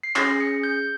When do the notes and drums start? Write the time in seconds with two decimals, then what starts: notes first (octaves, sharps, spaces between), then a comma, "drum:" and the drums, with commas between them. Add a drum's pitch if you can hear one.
0.03 C7
0.16 C#4 G#4 A#6, drum: clap
0.40 C#7
0.63 G6